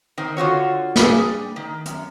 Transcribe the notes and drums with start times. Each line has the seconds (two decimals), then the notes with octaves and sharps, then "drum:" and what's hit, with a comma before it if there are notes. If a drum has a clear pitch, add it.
0.18 D#3 C4
0.37 D3 F4 F#4 C#5
0.96 G3 D4 G4 G#4, drum: snare
1.56 D#3
1.86 F#2, drum: hi-hat